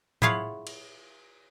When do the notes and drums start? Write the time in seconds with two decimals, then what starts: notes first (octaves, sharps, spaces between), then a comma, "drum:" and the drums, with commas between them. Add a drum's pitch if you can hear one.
0.22 E4 F4 G#4 C#5 F5 F#5, drum: tom A2
0.67 drum: cymbal